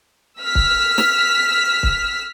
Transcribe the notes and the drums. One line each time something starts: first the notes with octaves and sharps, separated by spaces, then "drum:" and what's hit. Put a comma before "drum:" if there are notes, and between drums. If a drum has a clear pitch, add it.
E6 F6 B6
drum: kick
drum: snare
drum: kick